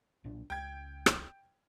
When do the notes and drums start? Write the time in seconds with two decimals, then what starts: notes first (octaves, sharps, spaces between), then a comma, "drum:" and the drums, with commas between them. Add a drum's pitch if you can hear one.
0.24 B1 A#2 D4
0.50 C#2 G5 G#6
1.06 drum: rim click